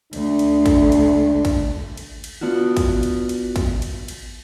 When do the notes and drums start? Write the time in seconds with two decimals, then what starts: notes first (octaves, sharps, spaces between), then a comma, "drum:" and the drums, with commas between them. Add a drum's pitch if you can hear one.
0.13 D2 D4, drum: cymbal
0.39 drum: cymbal
0.66 drum: kick, cymbal
0.92 drum: cymbal
1.45 drum: kick, cymbal
1.97 drum: cymbal
2.24 drum: cymbal
2.41 B3 D4 F4 F#4
2.77 drum: kick, cymbal
3.03 drum: cymbal
3.29 drum: cymbal
3.56 drum: kick, cymbal
3.82 drum: cymbal
4.08 drum: cymbal